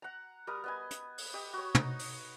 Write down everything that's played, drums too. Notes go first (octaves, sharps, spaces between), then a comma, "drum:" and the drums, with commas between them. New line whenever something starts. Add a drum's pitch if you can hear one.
F#5 A#5
G3 A#4 D#6
B3 D#5 G#5
drum: hi-hat
drum: open hi-hat
G4 D#5
F#4 C#5
D#4, drum: tom
drum: open hi-hat